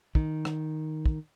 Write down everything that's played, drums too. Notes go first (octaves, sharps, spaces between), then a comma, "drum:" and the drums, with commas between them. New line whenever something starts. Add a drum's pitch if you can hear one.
D#3, drum: kick
drum: rim click
drum: kick